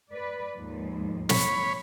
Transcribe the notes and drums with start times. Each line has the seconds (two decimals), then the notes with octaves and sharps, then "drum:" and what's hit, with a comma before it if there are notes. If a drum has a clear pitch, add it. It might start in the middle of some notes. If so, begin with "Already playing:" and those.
0.10 B4 D5
0.56 D#2 G#2 F3
1.29 C#5 B5, drum: snare